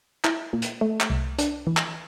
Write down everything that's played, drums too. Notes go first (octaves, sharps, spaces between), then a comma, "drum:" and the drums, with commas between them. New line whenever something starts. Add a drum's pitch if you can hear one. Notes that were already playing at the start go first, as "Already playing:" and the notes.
E4, drum: clap
A#2
drum: hi-hat
A3
drum: clap
C2
D4, drum: hi-hat
E3
drum: clap